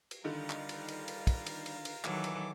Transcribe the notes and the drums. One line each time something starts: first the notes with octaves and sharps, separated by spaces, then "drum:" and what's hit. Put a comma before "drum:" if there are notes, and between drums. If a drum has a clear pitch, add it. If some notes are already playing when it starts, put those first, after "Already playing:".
drum: cymbal
D3 D#3 G3 F4 F5 A#5
drum: clap
drum: cymbal
drum: cymbal
drum: cymbal
drum: kick, cymbal
drum: cymbal
drum: cymbal
drum: cymbal
D#3 E3 F#3 A4 D6, drum: clap
drum: cymbal